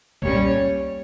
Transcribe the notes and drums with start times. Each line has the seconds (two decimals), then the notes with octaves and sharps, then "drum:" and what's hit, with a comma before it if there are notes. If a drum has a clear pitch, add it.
0.22 A#2 G3 C#4 C#5, drum: kick